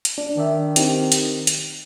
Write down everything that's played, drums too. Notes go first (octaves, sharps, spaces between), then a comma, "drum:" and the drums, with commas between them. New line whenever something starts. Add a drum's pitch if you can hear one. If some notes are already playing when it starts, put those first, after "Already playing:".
drum: hi-hat
D4
D#3 D4 D5 E5
C4 D#4 G4, drum: hi-hat
drum: hi-hat
drum: hi-hat